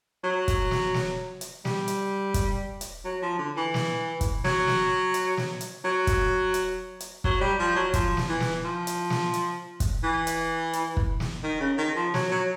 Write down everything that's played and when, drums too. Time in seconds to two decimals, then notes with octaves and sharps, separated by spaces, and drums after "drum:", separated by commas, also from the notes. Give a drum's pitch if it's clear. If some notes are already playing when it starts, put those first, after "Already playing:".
0.24 F#3
0.48 drum: kick, hi-hat
0.71 drum: snare
0.94 drum: snare
1.41 drum: hi-hat
1.65 G3, drum: snare
1.88 drum: hi-hat
2.34 drum: kick, hi-hat
2.81 drum: hi-hat
3.05 F#3
3.22 F3
3.39 D3
3.56 E3
3.74 drum: snare
4.21 drum: kick, hi-hat
4.44 F#3, drum: snare
4.67 drum: snare
5.14 drum: hi-hat
5.37 drum: snare
5.61 drum: hi-hat
5.84 F#3
6.07 drum: kick, hi-hat
6.54 drum: hi-hat
7.00 drum: hi-hat
7.24 F#3, drum: kick
7.41 G3
7.59 F3
7.76 F#3
7.94 F3, drum: kick, hi-hat
8.17 drum: snare
8.29 E3
8.40 drum: snare
8.64 F3
8.87 drum: hi-hat
9.10 drum: snare
9.34 drum: hi-hat
9.80 drum: kick, hi-hat
10.03 E3
10.27 drum: hi-hat
10.73 drum: hi-hat
10.97 drum: kick
11.20 drum: snare
11.43 D#3
11.60 C#3
11.78 D#3
11.96 F3
12.14 F#3, drum: snare
12.31 F#3